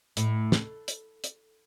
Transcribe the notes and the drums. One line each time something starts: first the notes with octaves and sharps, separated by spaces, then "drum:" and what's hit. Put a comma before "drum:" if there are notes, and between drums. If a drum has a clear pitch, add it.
A2, drum: hi-hat
drum: snare
drum: hi-hat
drum: hi-hat